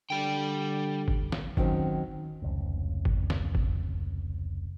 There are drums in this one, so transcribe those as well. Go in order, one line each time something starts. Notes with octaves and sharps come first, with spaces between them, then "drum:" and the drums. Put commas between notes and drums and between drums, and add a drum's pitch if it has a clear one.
D3 G3 G5
drum: kick G1
drum: snare
D#3 F#3 C4 C#4, drum: kick G1
F1 C#2
drum: kick G1
drum: snare
drum: kick G1